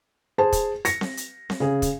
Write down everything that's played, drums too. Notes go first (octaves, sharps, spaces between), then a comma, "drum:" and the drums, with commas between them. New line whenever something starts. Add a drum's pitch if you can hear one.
G#4 C5 A5
drum: kick, hi-hat
A#6 C#7, drum: hi-hat
drum: snare C4
drum: hi-hat
drum: snare C4
C#3 G#4
drum: kick, hi-hat